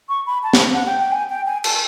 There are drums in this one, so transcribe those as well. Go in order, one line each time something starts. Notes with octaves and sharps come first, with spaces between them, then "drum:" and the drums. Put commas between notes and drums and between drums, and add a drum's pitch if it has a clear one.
C#6
B5
A5
drum: snare
F#5
G5
G5
G#5
G5
G#5
A5, drum: cymbal